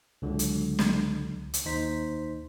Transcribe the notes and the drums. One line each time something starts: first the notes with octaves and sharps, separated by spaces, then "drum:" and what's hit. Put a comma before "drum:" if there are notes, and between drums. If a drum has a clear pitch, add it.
C#2 D3 F#3
drum: hi-hat
drum: snare
drum: hi-hat
D#2 D#4 C5 B6